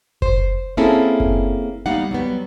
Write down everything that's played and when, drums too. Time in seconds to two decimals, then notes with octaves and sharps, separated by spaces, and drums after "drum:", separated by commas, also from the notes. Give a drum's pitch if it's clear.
0.22 C5, drum: kick F#1
0.77 A#3 C4 C#4 E4 G#4 A4
1.20 drum: kick F#1
1.86 G3 A#3 B3 D#4 F5 F#5
2.11 F#3 G3 B3